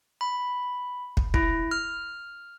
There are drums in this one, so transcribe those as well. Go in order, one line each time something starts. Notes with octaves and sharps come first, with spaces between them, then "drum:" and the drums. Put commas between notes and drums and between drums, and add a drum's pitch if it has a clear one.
B5
drum: kick
E4, drum: kick
F6